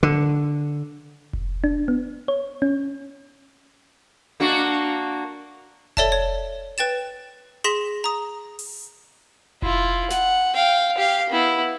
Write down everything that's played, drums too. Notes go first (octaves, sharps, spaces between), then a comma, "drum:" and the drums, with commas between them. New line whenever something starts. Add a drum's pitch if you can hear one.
D3
drum: kick F1
D4
B3
C#5
C#4
A#3 D4 F#4
A4 C#5 D5 E5 A5, drum: kick F1
C#5
B4 G5 A6 E7
G#4 C6 A#6 B6 E7
A#5 D#6
drum: open hi-hat
E4 F4, drum: kick F1
F#5, drum: snare
F5 G5
G4 F5
B3 E4